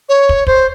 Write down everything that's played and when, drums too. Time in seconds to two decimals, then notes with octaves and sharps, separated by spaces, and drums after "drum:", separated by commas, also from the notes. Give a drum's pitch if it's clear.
0.09 C#5
0.29 drum: kick
0.47 C5, drum: kick